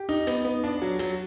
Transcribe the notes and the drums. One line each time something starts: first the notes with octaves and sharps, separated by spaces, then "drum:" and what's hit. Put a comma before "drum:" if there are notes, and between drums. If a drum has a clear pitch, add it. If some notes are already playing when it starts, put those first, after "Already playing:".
Already playing: G4
D#4
B3, drum: hi-hat
B3
D4
F#3
F#3, drum: hi-hat